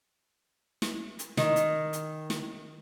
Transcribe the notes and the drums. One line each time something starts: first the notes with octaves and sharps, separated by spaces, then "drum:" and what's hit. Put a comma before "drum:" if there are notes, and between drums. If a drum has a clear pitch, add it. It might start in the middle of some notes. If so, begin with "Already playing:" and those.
drum: snare
drum: hi-hat
D#3, drum: snare
drum: hi-hat
drum: hi-hat
drum: snare